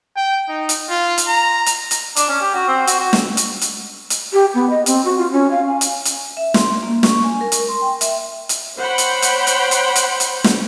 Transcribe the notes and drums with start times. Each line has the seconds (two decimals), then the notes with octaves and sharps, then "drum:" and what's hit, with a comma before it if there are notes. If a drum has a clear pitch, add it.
0.17 G5
0.48 D#4
0.69 drum: hi-hat
0.89 F4
1.18 drum: hi-hat
1.28 A#5
1.66 drum: hi-hat
1.91 drum: hi-hat
2.16 D4, drum: hi-hat
2.29 C#4
2.41 G4
2.54 F#4
2.68 C4
2.87 F#4, drum: hi-hat
2.99 F#4
3.13 drum: snare
3.37 drum: hi-hat
3.62 drum: hi-hat
4.10 drum: hi-hat
4.33 G4
4.54 B3
4.70 D#5
4.86 C4, drum: hi-hat
5.05 F#4
5.18 F4
5.32 C#4
5.51 F5
5.68 G#5
5.81 drum: hi-hat
6.05 drum: hi-hat
6.37 E5
6.54 C6, drum: snare
6.83 A#3
7.03 C#6, drum: snare
7.24 G#5
7.41 A#4
7.52 drum: hi-hat
7.68 C6
7.81 G5
8.01 E5, drum: hi-hat
8.49 drum: hi-hat
8.77 C5 C#5 F#5 G5 B5
8.98 drum: hi-hat
9.22 drum: hi-hat
9.47 drum: hi-hat
9.71 drum: hi-hat
9.96 drum: hi-hat
10.20 drum: hi-hat
10.44 drum: snare